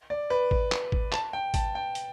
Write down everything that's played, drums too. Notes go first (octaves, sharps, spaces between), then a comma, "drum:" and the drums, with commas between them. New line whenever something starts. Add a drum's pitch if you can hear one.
D5
B4
drum: kick G#1
drum: clap
drum: kick G#1
A5, drum: clap
G5
A5, drum: kick G#1, hi-hat
G5
drum: hi-hat